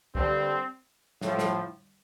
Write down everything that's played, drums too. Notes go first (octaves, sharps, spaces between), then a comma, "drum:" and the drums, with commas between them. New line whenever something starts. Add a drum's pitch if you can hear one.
G2 D3 G3 C4, drum: kick C2
A2 F3, drum: snare
drum: snare